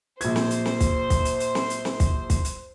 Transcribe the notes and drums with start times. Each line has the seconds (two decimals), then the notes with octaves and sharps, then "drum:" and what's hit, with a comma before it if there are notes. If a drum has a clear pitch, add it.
0.21 A#1 C5 G#6, drum: hi-hat
0.36 drum: snare
0.51 drum: hi-hat
0.66 drum: snare
0.80 drum: kick, hi-hat
1.10 drum: kick, hi-hat
1.25 drum: hi-hat
1.40 drum: hi-hat
1.55 drum: snare
1.70 drum: hi-hat
1.85 drum: snare
2.00 drum: kick, hi-hat
2.30 drum: kick, hi-hat
2.45 drum: hi-hat